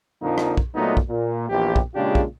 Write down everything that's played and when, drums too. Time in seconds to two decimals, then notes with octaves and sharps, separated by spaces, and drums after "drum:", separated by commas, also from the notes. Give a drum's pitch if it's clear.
0.23 F2 A#2 D3 F3 A#3 D#4
0.38 drum: rim click
0.57 drum: kick
0.75 A#2 F#3 A3 B3 D#4
0.97 drum: kick
1.09 A#2
1.50 A#1 E2 G4
1.76 drum: kick
1.95 A#2 C#3 G#3 D4 F4 G4
2.15 drum: kick